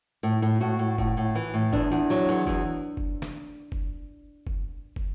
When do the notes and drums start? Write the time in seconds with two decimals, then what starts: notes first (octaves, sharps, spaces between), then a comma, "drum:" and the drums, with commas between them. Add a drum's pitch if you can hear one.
0.23 A2
0.42 A2
0.61 A2 F#4
0.79 A2
0.98 A2, drum: kick
1.17 A2
1.35 E3
1.54 A2
1.72 E2 D4, drum: kick
1.92 E2
2.10 F#3
2.29 E2
2.47 E2, drum: kick
2.97 drum: kick
3.22 drum: snare
3.72 drum: kick
4.47 drum: kick
4.96 drum: kick